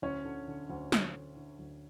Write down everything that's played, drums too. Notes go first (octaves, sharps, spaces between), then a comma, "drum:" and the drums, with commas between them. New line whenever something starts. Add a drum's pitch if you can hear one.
D2 C#4 C#5
D3
D3
D2
D2, drum: snare
D3
D3
D2